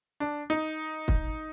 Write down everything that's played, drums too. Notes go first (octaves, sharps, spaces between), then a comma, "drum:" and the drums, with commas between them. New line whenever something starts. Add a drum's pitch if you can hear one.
D4
D#4
drum: kick